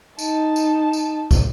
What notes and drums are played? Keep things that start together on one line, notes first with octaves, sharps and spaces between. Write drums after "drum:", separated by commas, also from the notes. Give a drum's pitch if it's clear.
D#4 A5, drum: tambourine
drum: tambourine
drum: tambourine
drum: kick, tambourine